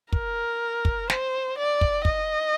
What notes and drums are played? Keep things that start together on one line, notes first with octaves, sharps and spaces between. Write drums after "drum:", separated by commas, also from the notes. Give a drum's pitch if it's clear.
A#4, drum: kick
drum: kick
C5, drum: snare
D5
drum: kick
D#5, drum: kick